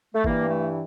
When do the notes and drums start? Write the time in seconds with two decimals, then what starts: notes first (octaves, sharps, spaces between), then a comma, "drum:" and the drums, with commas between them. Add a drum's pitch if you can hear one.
0.14 A3
0.24 G2 E3 A#3, drum: kick G#1
0.49 A3